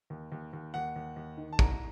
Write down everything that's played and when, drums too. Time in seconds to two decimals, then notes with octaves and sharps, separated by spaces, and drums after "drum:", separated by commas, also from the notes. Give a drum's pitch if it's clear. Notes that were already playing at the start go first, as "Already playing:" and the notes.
0.10 D#2
0.32 D#2
0.53 D#2
0.74 D#2 F#5
0.96 D#2
1.16 D#2
1.37 D#3
1.53 A5
1.59 C2 A#5, drum: kick